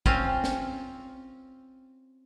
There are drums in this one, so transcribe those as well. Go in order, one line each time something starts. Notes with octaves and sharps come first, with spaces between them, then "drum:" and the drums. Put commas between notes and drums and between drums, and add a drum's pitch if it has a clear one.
C4 C#4 F4, drum: kick
drum: snare